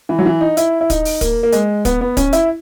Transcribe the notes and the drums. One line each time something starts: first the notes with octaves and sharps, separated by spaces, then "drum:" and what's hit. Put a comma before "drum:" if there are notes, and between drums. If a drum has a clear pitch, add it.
E3
F#3
E3
D#4
E4, drum: hi-hat
E4
D#4, drum: kick, hi-hat
drum: open hi-hat
A#3, drum: kick, hi-hat
A#3
G#3, drum: hi-hat
B3, drum: kick, hi-hat
B3
C#4, drum: kick, hi-hat
E4, drum: hi-hat